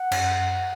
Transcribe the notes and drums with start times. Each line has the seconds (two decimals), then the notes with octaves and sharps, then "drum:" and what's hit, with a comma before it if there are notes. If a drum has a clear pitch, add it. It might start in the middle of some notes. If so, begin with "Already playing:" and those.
Already playing: F#5
0.11 F#2, drum: cymbal